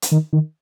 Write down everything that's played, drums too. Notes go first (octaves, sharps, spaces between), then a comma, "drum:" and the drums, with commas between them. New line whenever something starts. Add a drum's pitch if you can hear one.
drum: hi-hat
D#3
D#3